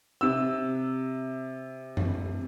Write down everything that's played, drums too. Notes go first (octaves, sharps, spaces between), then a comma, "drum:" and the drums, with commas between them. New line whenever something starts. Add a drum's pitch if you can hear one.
C3 E6
drum: tom F#2